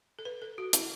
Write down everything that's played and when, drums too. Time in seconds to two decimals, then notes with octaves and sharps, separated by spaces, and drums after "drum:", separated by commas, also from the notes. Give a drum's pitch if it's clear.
0.19 A4
0.25 B4
0.42 A4
0.58 F#4
0.73 E4, drum: hi-hat